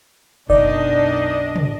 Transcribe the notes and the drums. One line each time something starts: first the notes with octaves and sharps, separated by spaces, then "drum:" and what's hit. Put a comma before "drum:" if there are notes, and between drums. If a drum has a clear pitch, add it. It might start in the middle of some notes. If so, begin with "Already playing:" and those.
B1 F#2 D4 D#4 D5 D#5, drum: kick F#1
drum: tom